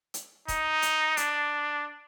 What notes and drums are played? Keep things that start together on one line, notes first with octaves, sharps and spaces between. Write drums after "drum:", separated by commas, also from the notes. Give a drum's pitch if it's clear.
drum: hi-hat
D#4, drum: kick E1, hi-hat
drum: hi-hat
D4, drum: hi-hat